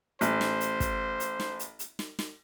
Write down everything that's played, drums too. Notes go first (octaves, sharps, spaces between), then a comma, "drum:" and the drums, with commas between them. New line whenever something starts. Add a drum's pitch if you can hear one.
A1 C5, drum: hi-hat
drum: snare
drum: hi-hat
drum: kick, hi-hat
drum: hi-hat
drum: snare
drum: hi-hat
drum: hi-hat
drum: snare
drum: snare